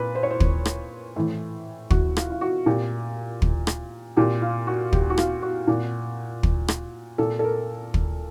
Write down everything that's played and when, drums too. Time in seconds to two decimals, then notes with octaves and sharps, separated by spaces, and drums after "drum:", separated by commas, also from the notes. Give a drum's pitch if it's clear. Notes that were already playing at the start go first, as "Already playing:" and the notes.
Already playing: A#2 B4
0.15 C5
0.23 C#5
0.30 C5
0.40 drum: kick
0.65 drum: rim click
1.16 A2 E3
1.90 F#4, drum: kick
2.17 F4, drum: rim click
2.30 F4
2.41 F#4
2.66 A#2 G4
3.42 drum: kick
3.67 drum: rim click
4.17 A#2 G4
4.42 F4
4.67 F#4
4.93 G4, drum: kick
5.10 F#4
5.18 F4, drum: rim click
5.42 F#4
5.67 A#2
6.43 drum: kick
6.68 drum: rim click
7.18 A#2 A4
7.39 A4
7.44 A#4
7.94 drum: kick